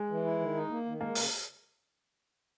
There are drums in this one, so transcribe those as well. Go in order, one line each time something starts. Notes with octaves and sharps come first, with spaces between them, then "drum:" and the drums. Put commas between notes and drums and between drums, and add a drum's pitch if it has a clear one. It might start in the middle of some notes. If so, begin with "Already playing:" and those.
Already playing: G#3
E3
E4
D#3
D#4
A#3
D#3
G#3 A#3
C#3, drum: open hi-hat